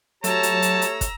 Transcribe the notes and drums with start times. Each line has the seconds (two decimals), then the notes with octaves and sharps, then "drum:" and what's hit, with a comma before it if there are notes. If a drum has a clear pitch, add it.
0.24 F#3 A3 G4 C#5 A5 A#5 E6, drum: hi-hat
0.43 drum: hi-hat
0.62 drum: hi-hat
0.82 drum: hi-hat
1.01 drum: kick, hi-hat